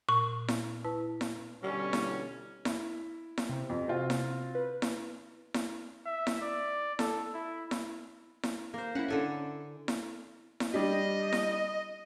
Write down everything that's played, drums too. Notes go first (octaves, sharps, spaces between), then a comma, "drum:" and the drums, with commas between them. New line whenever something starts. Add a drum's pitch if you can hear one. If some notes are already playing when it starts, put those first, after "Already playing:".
A#2 C#6
drum: snare E4
E4 B4 A5
drum: snare E4
B2 D3 G3 C#4
drum: snare E4
E4, drum: snare E4
drum: snare E4
C3
F2
C4 F4 F#4
drum: snare E4
B4
drum: snare E4
drum: snare E4
E5
drum: snare E4
D5
A4, drum: snare E4
E4
drum: snare E4
drum: snare E4
A#3 C5
C#4 E4 F#5
D3 A4 G#5
drum: snare E4
drum: snare E4
G3 D4 G4 D#5
drum: snare E4